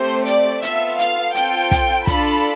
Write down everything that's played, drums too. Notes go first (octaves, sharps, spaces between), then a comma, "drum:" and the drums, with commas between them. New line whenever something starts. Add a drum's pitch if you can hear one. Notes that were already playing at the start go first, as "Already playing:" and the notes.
Already playing: A3 C4 G4 C5
D5, drum: hi-hat
B3 F4 A4 E5, drum: hi-hat
F5, drum: hi-hat
C4 F4 A4 G5, drum: hi-hat
drum: kick, hi-hat
D4 F4 A4 B5, drum: kick, hi-hat